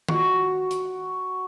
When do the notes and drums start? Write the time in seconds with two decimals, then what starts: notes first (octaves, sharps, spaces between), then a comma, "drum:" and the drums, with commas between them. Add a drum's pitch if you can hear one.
0.08 F#4, drum: tom D#3
0.71 drum: hi-hat